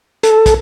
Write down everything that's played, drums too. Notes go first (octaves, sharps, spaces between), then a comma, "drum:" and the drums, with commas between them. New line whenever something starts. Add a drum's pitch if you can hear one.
A4, drum: hi-hat
drum: kick, hi-hat